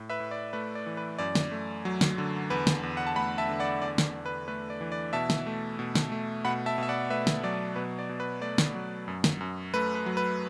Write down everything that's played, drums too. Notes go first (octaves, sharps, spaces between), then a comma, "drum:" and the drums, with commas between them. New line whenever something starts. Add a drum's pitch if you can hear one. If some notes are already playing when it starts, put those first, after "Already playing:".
Already playing: A2
B4 E5
A2
D5
A3 B4
D5
E3
B4
F#2 D5
drum: snare
A3
F#3
drum: snare
D3
E2 B4
drum: snare
E2
F#5
A5
A3 F#5 B5
E5 A5
D3
D5 F#5
E2 D5
drum: snare
E2
B4
A3 B4
D5
E3
D5
B2 E5 A5
drum: snare
A3
B2
drum: snare
A3
B2 F#5 B5
E5 A5
B2 E5
D5 F#5
A3 B4 E5
drum: snare
F#3 D5
B2 B4
D5
B2
B4
A3 D5
drum: snare
F#3
F#2
drum: snare
F#2
A3 B4
B4
F#3
B4